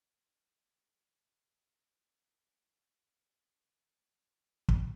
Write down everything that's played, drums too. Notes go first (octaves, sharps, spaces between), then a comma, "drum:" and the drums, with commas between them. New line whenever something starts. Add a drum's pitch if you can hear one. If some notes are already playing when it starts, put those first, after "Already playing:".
D1 G#1
A5
A#2 B4
D3 B3 E4
drum: kick